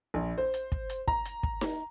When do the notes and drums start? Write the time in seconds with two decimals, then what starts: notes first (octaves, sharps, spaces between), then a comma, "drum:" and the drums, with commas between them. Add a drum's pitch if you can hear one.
0.14 A#1
0.38 C5
0.54 drum: hi-hat
0.72 drum: kick
0.90 drum: hi-hat
1.08 A#5, drum: kick
1.25 drum: hi-hat
1.43 drum: kick
1.61 drum: snare D#4